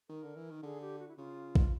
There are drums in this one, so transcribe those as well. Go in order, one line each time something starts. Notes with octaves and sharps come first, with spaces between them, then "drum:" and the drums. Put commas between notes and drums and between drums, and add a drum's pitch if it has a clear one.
D#3 A#4
D3
E3
D#3
D3 G#4
G4
F#4
E4
C#3 F4
drum: kick